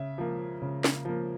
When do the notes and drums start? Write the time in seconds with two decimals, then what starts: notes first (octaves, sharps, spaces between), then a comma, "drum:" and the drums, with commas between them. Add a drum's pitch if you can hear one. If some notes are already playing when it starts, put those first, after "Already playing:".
Already playing: C#3 E5
0.18 F3 A#3
0.62 C#3
0.84 drum: snare
1.05 F3 A#3